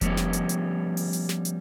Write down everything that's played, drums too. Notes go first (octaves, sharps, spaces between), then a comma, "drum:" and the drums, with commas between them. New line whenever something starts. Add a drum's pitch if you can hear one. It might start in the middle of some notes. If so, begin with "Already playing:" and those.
F3 G3 A3 B3 C#4 G4, drum: kick F1, hi-hat
drum: snare
drum: hi-hat
drum: hi-hat
drum: open hi-hat
drum: hi-hat
drum: snare
drum: hi-hat